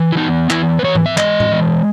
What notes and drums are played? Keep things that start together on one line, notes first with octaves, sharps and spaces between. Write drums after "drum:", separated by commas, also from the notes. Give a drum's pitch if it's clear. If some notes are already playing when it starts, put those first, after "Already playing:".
Already playing: E3
E4
B3 D#4
E3 E4, drum: clap
B4
E3 C#5
drum: tom G#2
E5
G#3 D#5, drum: clap
drum: tom A2
E3